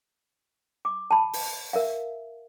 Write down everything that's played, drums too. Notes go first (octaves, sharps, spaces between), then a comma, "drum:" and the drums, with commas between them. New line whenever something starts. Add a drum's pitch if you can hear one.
D6
A5 B5
drum: open hi-hat
A#4 E5 F5